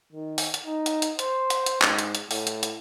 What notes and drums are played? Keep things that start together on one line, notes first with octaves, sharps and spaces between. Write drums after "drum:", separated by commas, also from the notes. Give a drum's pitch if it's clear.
D#3
drum: open hi-hat
drum: hi-hat
D#4
drum: hi-hat
drum: hi-hat
C5, drum: hi-hat
drum: hi-hat
drum: hi-hat
G#2, drum: clap
drum: hi-hat
drum: hi-hat
A2, drum: open hi-hat
drum: hi-hat
drum: hi-hat